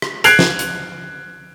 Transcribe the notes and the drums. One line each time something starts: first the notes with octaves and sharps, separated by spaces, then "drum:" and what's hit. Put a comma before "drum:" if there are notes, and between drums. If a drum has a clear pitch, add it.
drum: rim click
F#6 G#6 C7 D7 F7, drum: hi-hat
drum: snare
drum: hi-hat